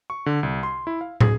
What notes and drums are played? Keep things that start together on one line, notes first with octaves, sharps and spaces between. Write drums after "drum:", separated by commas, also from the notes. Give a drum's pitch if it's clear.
C#6
D3
C2
C6
E4
F5
G#4, drum: tom